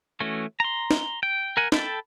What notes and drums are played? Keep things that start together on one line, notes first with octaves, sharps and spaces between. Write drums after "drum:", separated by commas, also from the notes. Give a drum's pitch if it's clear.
E3 A3 C#4 F#4
A#5 C6
drum: snare
G5
A#4 F#5 G#5
A4 G5 A5 B5, drum: snare